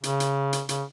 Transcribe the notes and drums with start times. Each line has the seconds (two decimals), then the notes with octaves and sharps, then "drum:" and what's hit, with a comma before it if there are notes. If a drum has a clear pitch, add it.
0.03 C#3, drum: hi-hat
0.20 drum: hi-hat
0.53 drum: hi-hat
0.69 C#3, drum: hi-hat